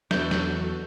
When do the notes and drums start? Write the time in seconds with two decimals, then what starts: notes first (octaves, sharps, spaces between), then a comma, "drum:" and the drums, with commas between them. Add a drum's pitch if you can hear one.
0.11 E2 B3 F#4 A4 B4 E5 G6, drum: snare
0.31 drum: snare